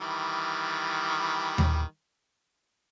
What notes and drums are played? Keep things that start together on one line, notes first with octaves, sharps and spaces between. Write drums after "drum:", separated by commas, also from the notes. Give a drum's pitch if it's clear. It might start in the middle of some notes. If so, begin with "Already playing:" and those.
D#3 E3 G3
drum: tom D#2